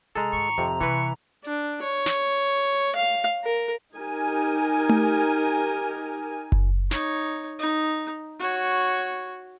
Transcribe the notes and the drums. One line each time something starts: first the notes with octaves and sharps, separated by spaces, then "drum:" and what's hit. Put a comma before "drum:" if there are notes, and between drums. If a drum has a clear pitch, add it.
C3 G#3 G#4 A4 A#5
G#2 D#3 C#6
F2 C3
C3 E3 B4 C#6
D4, drum: hi-hat
C#5, drum: hi-hat
drum: snare
F5
A#4
D#4 G4 A#4 G#5
drum: tom A3
drum: kick F#1
D#4 C#5, drum: snare
D#4, drum: hi-hat
F#4 C#5